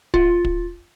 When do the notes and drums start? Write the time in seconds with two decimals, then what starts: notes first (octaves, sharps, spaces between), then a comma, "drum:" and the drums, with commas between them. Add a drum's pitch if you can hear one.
0.14 F4, drum: kick
0.45 drum: kick